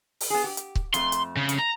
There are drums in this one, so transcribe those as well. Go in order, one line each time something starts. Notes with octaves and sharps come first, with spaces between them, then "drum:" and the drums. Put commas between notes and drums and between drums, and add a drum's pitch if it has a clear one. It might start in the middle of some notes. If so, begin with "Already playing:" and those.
drum: open hi-hat
B3 G#4
G4
drum: hi-hat
drum: kick C#1
F2 A3 C6, drum: hi-hat
drum: hi-hat
C#3
drum: hi-hat
A#5